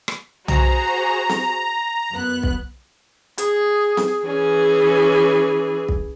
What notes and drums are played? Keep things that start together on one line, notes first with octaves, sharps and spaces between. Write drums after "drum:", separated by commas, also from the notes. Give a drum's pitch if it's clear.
drum: rim click
F#4 G#4 C5 A#5, drum: tom
drum: snare C4
F#2 B3 F#6
drum: kick
G#4, drum: hi-hat
drum: snare C4
E3 C#4 G#4
drum: kick